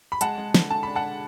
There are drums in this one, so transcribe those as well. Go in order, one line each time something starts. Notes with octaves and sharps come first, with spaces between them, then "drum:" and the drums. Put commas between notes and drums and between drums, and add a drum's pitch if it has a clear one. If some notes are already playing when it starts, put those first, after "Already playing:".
B5
G#3 F#5 A5, drum: hi-hat
G#3
D3, drum: snare
D3 A5
D4 B5
F#5 A5
D4